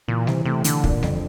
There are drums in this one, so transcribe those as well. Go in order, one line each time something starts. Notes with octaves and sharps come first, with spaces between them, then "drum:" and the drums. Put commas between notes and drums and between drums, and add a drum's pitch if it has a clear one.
A#2 E3
C3 E3, drum: snare G3
C3 A3
D3 D4, drum: hi-hat
A#2 D4, drum: kick
F2 D3, drum: snare G3